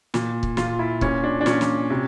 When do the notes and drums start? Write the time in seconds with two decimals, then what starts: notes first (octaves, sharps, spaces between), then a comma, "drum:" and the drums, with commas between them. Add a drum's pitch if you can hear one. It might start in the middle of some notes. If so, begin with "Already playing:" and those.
0.14 A#2, drum: snare
0.43 drum: kick C#1
0.57 A#2 F4, drum: snare
0.79 E4
1.01 A#2 C#4, drum: kick C#1
1.24 D4
1.41 D4
1.46 A#2 C#4, drum: snare
1.61 drum: snare
1.90 C3